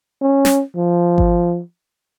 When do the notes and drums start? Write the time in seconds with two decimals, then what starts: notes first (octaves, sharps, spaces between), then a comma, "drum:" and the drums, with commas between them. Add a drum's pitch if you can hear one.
0.21 C#4
0.45 drum: snare
0.76 F3
1.18 drum: kick G#1